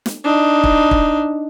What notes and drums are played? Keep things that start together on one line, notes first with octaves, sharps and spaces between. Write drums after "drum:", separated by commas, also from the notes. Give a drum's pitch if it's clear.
drum: snare
D4 D#4
drum: kick
drum: kick